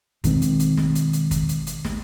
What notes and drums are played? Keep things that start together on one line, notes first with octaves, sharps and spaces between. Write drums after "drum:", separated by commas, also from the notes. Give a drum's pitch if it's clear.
B2 D#3 G#3 C4, drum: kick, hi-hat
drum: hi-hat
drum: hi-hat
drum: snare
drum: hi-hat
drum: hi-hat
drum: kick, hi-hat
drum: hi-hat
drum: hi-hat
drum: snare